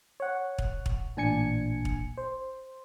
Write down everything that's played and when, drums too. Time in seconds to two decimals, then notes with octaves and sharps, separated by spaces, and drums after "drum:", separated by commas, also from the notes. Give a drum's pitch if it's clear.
0.20 C#5 F#5
0.58 drum: kick
0.86 drum: kick
1.17 A1 A#2 D4 G#5 G#6 C#7
1.85 drum: kick
2.18 C5